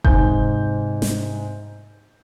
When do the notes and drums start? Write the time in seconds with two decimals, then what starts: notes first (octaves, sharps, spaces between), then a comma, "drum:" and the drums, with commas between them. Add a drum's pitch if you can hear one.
0.04 G#2 C3 G#5 G6, drum: kick F1
1.02 drum: snare